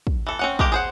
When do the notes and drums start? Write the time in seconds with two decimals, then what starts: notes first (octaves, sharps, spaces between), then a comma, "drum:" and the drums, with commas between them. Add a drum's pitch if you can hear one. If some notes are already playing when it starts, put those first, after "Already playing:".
0.07 drum: kick
0.27 E3 A4
0.39 C4 C#4 F#5
0.59 G#3 A#3 G4 A#4, drum: kick
0.72 G#4 C5 F#5